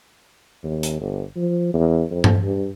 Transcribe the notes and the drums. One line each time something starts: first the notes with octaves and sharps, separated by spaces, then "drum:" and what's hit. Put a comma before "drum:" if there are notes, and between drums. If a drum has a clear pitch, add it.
D#2
drum: hi-hat
G1
F3
E2
F2
drum: tom G2
G2